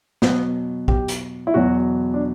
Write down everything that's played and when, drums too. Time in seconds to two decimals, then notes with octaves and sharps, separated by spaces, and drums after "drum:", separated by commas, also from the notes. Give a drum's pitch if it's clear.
0.22 B2 F#3 B3, drum: snare
0.88 G4, drum: kick
1.08 drum: hi-hat
1.47 E4
1.54 E2 B2 F#3 F#4
2.14 D4